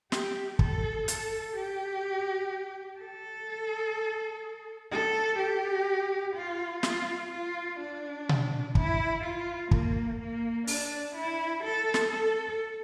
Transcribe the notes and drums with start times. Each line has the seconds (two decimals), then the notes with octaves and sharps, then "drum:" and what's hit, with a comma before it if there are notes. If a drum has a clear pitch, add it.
0.12 G4, drum: snare
0.59 A4, drum: kick
1.08 A4, drum: hi-hat
1.56 G4
2.99 A4
4.91 A4
5.39 G4
6.36 F4
6.83 F4, drum: snare
7.31 F4
7.80 D4
8.29 drum: tom B2
8.75 E4, drum: kick
9.23 F4
9.71 A#3, drum: kick
10.20 A#3
10.67 D4, drum: open hi-hat
11.15 E4
11.63 A4
11.94 drum: snare
12.11 A4